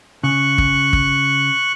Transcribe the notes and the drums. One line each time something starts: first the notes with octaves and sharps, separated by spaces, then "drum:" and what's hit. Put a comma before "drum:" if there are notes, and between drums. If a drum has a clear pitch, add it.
C#3 C#6 F#6
drum: kick
drum: kick